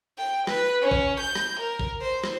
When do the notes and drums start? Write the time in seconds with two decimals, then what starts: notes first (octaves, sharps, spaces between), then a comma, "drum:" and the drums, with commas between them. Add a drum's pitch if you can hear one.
0.18 G5
0.47 B4, drum: rim click
0.82 C#4
0.91 drum: kick
1.20 G6
1.35 drum: rim click
1.60 A#4
1.80 drum: kick
2.01 C5
2.24 drum: rim click